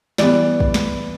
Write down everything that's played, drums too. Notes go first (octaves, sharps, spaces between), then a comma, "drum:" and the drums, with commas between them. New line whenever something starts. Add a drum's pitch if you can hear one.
E3 G3 B3 D5, drum: snare
drum: kick
drum: snare